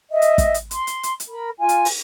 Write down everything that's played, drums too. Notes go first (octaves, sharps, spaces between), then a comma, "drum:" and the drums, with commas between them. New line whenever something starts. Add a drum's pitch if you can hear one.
D#5 E5
drum: hi-hat
drum: kick, hi-hat
drum: hi-hat
C6, drum: hi-hat
drum: hi-hat
drum: hi-hat
drum: hi-hat
A#4 B5
F4 G#5
drum: hi-hat
drum: open hi-hat